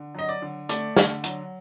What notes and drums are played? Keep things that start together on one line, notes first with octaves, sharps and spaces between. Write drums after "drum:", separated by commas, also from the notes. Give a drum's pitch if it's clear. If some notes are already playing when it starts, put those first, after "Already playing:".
Already playing: D3
F#3 D#5
D5
D3
A3 D5, drum: hi-hat
D3, drum: snare
F#3, drum: hi-hat